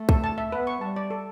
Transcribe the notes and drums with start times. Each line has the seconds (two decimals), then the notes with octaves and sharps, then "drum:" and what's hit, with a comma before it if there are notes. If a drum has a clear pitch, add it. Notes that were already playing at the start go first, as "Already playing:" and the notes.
Already playing: A3
0.09 A4, drum: kick C2
0.24 A5
0.38 E5
0.52 B3 B4
0.67 C#6
0.81 G3 A5
0.96 D5
1.10 A4